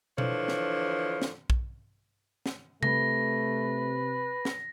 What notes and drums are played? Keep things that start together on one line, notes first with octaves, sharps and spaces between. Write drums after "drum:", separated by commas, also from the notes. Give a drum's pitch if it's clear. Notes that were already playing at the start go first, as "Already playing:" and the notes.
D3 E3 F3 C#5, drum: tom B2
drum: snare
drum: snare
drum: kick A#1
drum: snare
C3 A3 B4 A#6, drum: tom C3
drum: snare